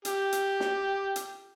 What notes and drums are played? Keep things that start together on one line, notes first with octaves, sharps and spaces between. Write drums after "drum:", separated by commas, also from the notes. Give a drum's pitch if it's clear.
G4, drum: hi-hat
drum: hi-hat
drum: snare
drum: hi-hat